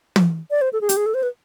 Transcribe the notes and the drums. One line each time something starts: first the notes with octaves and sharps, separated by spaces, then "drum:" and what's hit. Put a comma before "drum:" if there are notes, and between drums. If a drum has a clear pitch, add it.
drum: tom
D5
C5
A4
G#4
G4, drum: hi-hat
G#4
A4
C5
B4